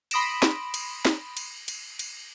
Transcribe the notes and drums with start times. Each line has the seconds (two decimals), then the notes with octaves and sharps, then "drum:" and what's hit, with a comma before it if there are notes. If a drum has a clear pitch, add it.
0.11 B5 C6 D#6 A#6 D7 E7, drum: cymbal
0.42 drum: snare
0.74 drum: cymbal
1.05 drum: snare
1.37 drum: cymbal
1.68 drum: cymbal
1.99 drum: cymbal